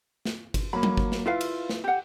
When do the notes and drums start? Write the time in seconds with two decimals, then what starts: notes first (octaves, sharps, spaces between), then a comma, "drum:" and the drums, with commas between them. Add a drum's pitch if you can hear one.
0.25 drum: snare
0.54 drum: kick G1, cymbal
0.73 F#3 A#3 B5
0.83 drum: tom F#3
0.97 drum: kick G1
1.12 drum: snare
1.26 E4 F4 B4 F5
1.41 drum: cymbal
1.69 drum: snare
1.84 G4 F#5